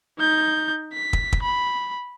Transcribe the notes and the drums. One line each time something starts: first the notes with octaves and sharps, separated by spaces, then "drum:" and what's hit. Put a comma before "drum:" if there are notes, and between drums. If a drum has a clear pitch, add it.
D#4 G6
B6
drum: kick
drum: kick
B5